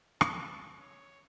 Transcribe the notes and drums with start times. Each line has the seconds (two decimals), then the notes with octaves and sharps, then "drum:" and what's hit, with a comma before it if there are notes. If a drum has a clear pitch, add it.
0.21 A5, drum: rim click
0.80 C#5